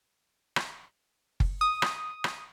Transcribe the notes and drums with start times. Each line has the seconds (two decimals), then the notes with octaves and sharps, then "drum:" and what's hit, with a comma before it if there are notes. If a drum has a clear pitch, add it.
0.56 drum: rim click
1.40 drum: kick F#1
1.61 D#6
1.82 drum: rim click
2.24 drum: rim click